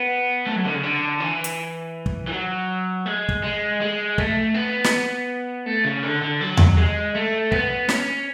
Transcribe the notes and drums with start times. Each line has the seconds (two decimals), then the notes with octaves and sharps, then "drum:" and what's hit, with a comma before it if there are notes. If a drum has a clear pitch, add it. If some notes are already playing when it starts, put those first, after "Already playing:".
Already playing: B3
0.47 A3
0.56 F#3
0.65 D3
0.74 C#3
0.83 D3
1.20 E3
1.44 drum: hi-hat
2.06 drum: kick
2.28 E3
2.32 F#3
3.06 G#3
3.29 drum: kick
3.43 G#3
3.81 G#3
4.18 A3, drum: kick
4.54 B3
4.84 drum: snare
5.66 A3
5.85 C#3
6.03 D3
6.22 D3
6.41 F#3
6.57 drum: tom E2
6.77 G#3
7.15 A3
7.52 B3, drum: kick
7.89 C#4, drum: snare